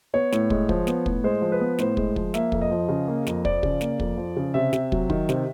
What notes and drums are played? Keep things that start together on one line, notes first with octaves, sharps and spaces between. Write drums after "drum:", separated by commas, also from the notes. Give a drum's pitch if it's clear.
B3 C#5
A2, drum: snare
G#3, drum: kick
F3, drum: kick
B3, drum: snare
A2, drum: kick
G#3 C5
F3
B4
B3
A2 C5, drum: snare
G#3, drum: kick
F3, drum: kick
A#3 E5, drum: snare
F2, drum: kick
D#5
F3
C#3
A#3
F2, drum: snare
F3 D5, drum: kick
C#3, drum: kick
A#3, drum: snare
F2, drum: kick
F3
C#3
C3 E5
C3, drum: snare
F#3, drum: kick
D#3, drum: kick
C3, drum: snare